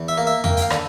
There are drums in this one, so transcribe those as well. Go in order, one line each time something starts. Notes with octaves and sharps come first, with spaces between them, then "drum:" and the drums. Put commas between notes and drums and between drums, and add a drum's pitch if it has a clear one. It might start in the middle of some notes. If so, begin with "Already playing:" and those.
Already playing: E2
E5
A#3
E5
A#3 G5, drum: tom E2
G5, drum: hi-hat
F5
D3, drum: rim click